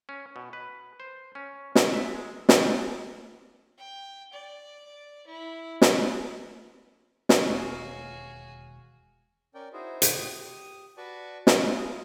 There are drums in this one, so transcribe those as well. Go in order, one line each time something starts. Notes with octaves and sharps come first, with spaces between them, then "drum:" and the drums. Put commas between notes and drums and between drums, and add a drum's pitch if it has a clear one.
C#4
B2
B4
C5
C#4
F#2, drum: snare
E5
G#3
G3, drum: snare
G5
D5
E4
B4, drum: snare
drum: snare
E1 D#2 F#4 G#4 C#5 F5
C#4 A#4 D5 G5
D#4 E4 F#4 G#4 C5
drum: hi-hat
G4 D#6
F#4 B4 D5 A5 B5 C#6
E4 F4 D#5, drum: snare